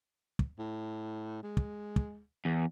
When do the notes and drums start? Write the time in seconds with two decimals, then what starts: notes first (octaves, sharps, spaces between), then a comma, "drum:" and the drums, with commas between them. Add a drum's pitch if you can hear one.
0.39 drum: kick
0.59 A2
1.43 G#3
1.57 drum: kick
1.96 drum: kick
2.45 E2